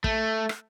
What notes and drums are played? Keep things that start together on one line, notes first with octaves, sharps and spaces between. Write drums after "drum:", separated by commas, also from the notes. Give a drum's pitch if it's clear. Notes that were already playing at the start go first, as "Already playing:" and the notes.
A3, drum: kick
drum: rim click